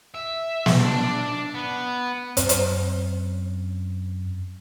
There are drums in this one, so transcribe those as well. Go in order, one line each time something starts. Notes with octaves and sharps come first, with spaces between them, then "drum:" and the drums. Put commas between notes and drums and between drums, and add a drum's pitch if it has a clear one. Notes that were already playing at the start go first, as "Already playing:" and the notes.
E5
drum: snare
D4
B3
F#2 C4, drum: hi-hat
drum: hi-hat